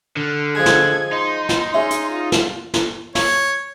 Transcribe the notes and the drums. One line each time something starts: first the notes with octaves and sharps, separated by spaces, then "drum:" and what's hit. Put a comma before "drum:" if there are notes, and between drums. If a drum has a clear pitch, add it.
D3 F6
F3 G#3 G#4 G#6
drum: snare
D#4 C6
drum: snare
C#4 G#4 E5
drum: hi-hat
F4
drum: snare
drum: snare
C#5, drum: snare